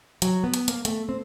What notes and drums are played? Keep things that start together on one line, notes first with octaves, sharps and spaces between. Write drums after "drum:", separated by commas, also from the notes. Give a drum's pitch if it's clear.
F#3, drum: hi-hat
B3
drum: hi-hat
A#3, drum: hi-hat
A3, drum: hi-hat
C4